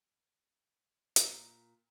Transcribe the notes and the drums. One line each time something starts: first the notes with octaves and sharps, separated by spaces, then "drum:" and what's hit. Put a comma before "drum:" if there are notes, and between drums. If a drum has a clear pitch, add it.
A#2, drum: hi-hat